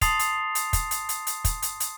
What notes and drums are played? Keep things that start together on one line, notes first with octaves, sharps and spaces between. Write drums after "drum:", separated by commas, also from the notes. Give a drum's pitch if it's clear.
A5 C6 D#6 A6 C7 F7, drum: kick, hi-hat
drum: hi-hat
drum: hi-hat
drum: kick, hi-hat
drum: hi-hat
drum: hi-hat
drum: hi-hat
drum: kick, hi-hat
drum: hi-hat
drum: hi-hat